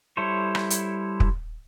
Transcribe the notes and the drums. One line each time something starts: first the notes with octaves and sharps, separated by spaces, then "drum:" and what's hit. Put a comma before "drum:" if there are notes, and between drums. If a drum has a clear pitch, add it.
G3 E4 A4 C5 C#5
drum: rim click
drum: hi-hat
drum: kick